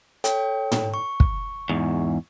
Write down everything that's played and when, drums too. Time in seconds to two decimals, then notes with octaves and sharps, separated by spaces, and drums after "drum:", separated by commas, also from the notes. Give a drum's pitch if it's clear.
0.24 A4 C#5 G5, drum: hi-hat
0.72 drum: tom
0.94 C#6
1.20 drum: kick
1.69 E2 G#2